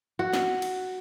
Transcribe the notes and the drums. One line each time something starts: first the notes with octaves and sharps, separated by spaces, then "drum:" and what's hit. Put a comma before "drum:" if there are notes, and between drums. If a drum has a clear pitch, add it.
F#4
drum: snare
drum: cymbal